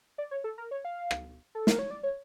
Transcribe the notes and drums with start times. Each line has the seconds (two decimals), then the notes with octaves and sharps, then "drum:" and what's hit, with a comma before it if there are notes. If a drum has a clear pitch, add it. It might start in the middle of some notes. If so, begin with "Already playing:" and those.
0.18 D5
0.31 C#5
0.44 A4
0.58 A#4
0.71 C#5
0.85 F5
1.11 drum: rim click
1.55 A4
1.67 A#4, drum: snare
1.79 C#5
1.91 D5
2.03 C#5